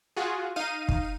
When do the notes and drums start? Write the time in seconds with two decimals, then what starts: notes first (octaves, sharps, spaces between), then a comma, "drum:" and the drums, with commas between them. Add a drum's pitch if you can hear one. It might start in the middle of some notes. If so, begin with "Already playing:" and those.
0.16 F4 F#4 G#4
0.56 D#4 F5 D#7
0.89 drum: kick